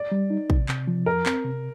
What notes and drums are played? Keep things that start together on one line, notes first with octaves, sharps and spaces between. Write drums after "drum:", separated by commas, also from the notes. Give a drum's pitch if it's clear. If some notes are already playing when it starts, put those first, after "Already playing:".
Already playing: D5
G3
D#4
C3, drum: kick
C3, drum: clap
F3
F2 A#4
C4, drum: clap
C3